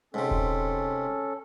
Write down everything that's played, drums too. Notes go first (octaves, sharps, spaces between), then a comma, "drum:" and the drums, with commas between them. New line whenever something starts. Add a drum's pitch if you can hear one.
G#2 C3 C#4 A4
drum: kick D#1